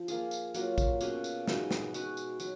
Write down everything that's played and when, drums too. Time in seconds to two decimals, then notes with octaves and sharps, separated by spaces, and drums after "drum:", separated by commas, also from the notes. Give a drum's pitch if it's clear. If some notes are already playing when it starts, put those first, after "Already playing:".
Already playing: F3
0.08 A#3 F4 G#4, drum: tambourine
0.31 drum: tambourine
0.54 F#3 A#3 F4, drum: tambourine
0.78 drum: kick, tambourine
1.01 B2 A#3 C#4 G#4, drum: tambourine
1.24 drum: tambourine
1.48 B2 G#3 B3 D#4, drum: snare
1.71 drum: snare
1.94 G#3 B3 F#4 B4, drum: tambourine
2.17 drum: tambourine
2.40 F#3, drum: tambourine